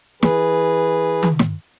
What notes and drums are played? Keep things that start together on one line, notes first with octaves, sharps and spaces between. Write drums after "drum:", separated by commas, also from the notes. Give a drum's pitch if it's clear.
E3 G#4 B4, drum: snare
drum: tom D#3
drum: snare